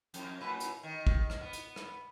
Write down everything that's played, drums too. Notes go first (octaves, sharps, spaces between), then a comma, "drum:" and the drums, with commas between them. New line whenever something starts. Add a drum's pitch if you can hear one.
F2, drum: hi-hat
F#2 A2 B4
drum: hi-hat
D#3
drum: kick
drum: rim click
B3
drum: hi-hat
drum: rim click